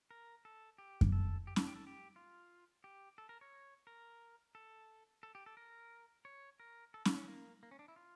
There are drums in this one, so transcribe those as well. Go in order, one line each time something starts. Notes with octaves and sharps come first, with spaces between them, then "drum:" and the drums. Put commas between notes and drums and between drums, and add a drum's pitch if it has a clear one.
A#4
A4
G4
drum: kick F#2
A4
G4
A4, drum: snare C#4
G4
A4
G4
F4
G4
A4
A#4
C#5
A#4
A4
A4
G4
A4
A#4
C#5
A#4
A4
F4, drum: snare C#4
C#4
A#3
A#3
C#4
D4
E4
F4